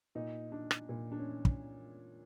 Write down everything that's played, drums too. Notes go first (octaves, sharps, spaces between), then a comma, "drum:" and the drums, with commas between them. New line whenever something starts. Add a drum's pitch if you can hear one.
A#2 D#4
D4
drum: rim click
A#2
D4
C#4
drum: kick